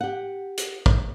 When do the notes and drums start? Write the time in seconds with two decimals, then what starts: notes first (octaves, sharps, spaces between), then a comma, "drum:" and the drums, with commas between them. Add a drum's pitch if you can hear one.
0.01 G4 F#5
0.57 drum: hi-hat
0.86 drum: kick